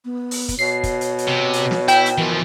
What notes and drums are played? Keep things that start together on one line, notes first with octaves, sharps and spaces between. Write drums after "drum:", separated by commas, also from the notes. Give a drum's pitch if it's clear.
B3
drum: open hi-hat
drum: kick, hi-hat
B2 C#5 C7
drum: kick, hi-hat
drum: hi-hat
drum: hi-hat
C3
drum: hi-hat
drum: snare
E4 G5, drum: hi-hat
drum: hi-hat
E3 F3 A#4